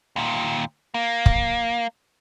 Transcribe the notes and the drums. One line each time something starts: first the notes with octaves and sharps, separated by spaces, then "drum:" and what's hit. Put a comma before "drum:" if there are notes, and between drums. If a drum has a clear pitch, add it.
D#2 A#2
A#3
drum: kick